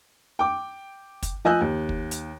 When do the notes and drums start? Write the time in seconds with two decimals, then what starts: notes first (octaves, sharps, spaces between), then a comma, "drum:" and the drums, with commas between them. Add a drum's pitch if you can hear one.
0.39 G5 D6
1.23 drum: kick, hi-hat
1.45 F3 D#5 G#5 E6 F#6 G6
1.61 D#2
1.89 drum: kick
2.11 drum: hi-hat